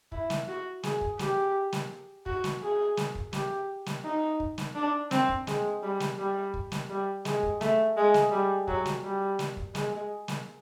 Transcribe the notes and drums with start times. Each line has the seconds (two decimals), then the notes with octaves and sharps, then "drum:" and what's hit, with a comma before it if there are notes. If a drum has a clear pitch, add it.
0.12 E4, drum: kick
0.30 drum: snare
0.48 F#4
0.83 G#4, drum: snare
1.01 drum: kick
1.19 G4, drum: snare
1.73 drum: snare
2.26 F#4, drum: kick
2.44 drum: snare
2.62 G#4
2.97 drum: snare
3.15 drum: kick
3.33 G4, drum: snare
3.86 drum: snare
4.04 D#4
4.40 drum: kick
4.58 drum: snare
4.75 D4
5.11 C4, drum: snare
5.29 drum: kick
5.47 G#3, drum: snare
5.83 G3
6.00 drum: snare
6.18 G3
6.54 drum: kick
6.72 drum: snare
6.90 G3
7.25 G#3, drum: snare
7.43 drum: kick
7.61 A3, drum: snare
7.97 G#3
8.14 drum: snare
8.32 G3
8.68 F#3, drum: kick
8.85 drum: snare
9.03 G3
9.39 drum: snare
9.57 drum: kick
9.75 G#3, drum: snare
10.28 drum: snare